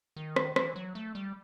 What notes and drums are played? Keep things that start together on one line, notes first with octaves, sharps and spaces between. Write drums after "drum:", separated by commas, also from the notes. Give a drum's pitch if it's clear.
D#3
drum: rim click
E3, drum: rim click
F#3
A3
G3